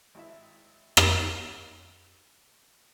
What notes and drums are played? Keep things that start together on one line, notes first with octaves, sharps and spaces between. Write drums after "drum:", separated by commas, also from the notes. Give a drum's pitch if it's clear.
G#1 E4 E5
drum: rim click